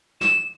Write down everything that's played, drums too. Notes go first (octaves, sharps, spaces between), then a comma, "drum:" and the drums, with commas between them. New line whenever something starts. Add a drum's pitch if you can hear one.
E7, drum: snare